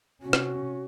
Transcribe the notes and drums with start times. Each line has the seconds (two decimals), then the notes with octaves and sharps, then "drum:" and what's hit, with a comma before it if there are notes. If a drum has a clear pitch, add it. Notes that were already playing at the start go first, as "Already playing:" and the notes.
0.22 C3 C#4 F#4
0.33 drum: rim click